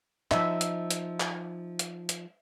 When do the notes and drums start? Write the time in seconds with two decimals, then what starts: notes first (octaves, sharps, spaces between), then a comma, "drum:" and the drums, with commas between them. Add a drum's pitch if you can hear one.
0.31 F3 D#4 E5, drum: clap
0.61 drum: hi-hat
0.91 drum: hi-hat
1.20 drum: clap
1.79 drum: hi-hat
2.09 drum: hi-hat